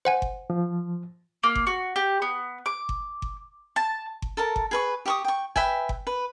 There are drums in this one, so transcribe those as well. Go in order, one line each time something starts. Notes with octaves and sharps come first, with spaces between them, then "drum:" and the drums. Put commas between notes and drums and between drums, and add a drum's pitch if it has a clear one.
C5 F#5 G#5
drum: kick G1
F3
A#3
drum: kick G1
F#4
G4
B3
D6
drum: kick G1
drum: kick G1
A5
drum: kick G1
A4 A#4 A5
drum: kick G1
G#4 B4 C#6
G4 C#6 D#6
G5 C#6
B4 E5 G5 G#5, drum: kick G1
drum: kick G1
B4